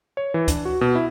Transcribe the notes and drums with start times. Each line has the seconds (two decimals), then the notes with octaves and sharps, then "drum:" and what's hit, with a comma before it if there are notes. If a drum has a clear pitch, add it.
0.17 C#5
0.34 E3
0.48 D4, drum: kick, hi-hat
0.65 F#4
0.81 B2
0.95 E4